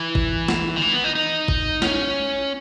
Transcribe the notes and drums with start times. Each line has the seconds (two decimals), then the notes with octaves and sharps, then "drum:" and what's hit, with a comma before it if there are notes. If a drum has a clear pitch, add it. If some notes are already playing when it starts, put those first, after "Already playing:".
Already playing: E3
0.15 drum: kick G#1
0.48 drum: snare
0.76 D#3
0.82 E3
0.93 B3
1.04 D#4
1.15 D#4
1.48 drum: kick G#1
1.82 C#4, drum: snare